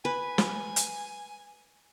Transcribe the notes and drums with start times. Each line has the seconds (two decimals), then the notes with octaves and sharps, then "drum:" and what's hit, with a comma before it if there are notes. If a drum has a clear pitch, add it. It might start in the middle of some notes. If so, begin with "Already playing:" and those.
0.05 B4 G#5
0.38 drum: snare
0.76 drum: hi-hat